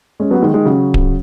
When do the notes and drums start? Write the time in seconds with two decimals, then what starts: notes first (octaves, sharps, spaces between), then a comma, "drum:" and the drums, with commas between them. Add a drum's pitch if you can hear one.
0.20 G#3 C#4
0.31 F#3 B3
0.42 D#3 G#3
0.54 D#3 G#3
0.65 C#3 F#3
0.94 drum: kick D1